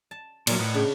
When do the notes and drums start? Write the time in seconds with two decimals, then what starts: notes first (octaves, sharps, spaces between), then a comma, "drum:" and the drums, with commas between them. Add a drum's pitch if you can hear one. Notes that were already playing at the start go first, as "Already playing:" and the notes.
0.11 A5
0.47 A#2 F#3 F4 A#4 D5, drum: cymbal
0.59 A2 B4 D#5 F#5
0.74 C#3 D4